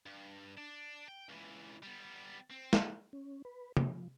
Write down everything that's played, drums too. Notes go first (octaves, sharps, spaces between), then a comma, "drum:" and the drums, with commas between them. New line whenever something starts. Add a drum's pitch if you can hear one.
G2
D4
G5
C#2 E3
G3 B3
C4
drum: snare
C#4
B4
F3, drum: tom C3